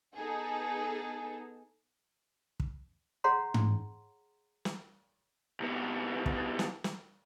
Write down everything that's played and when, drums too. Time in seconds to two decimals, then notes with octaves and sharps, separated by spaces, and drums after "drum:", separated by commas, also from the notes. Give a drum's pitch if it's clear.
0.16 B3 D#4 G#4 A4
2.60 drum: kick
3.24 G#4 C#5 F5 F#5 A#5 C6
3.54 drum: tom G#2
4.65 drum: snare
5.60 C2 B3
6.26 drum: kick
6.59 drum: snare
6.84 drum: snare